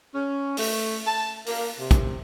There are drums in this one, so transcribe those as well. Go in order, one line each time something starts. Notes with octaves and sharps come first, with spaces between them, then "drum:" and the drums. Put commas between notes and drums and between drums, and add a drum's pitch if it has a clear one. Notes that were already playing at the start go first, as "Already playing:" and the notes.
C#4
A3, drum: open hi-hat
A5
A#3, drum: open hi-hat
C3
drum: kick, hi-hat